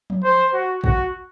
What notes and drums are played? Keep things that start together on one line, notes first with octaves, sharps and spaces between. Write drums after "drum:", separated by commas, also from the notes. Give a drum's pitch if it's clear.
drum: tom F3
C5
F#4
F#4, drum: kick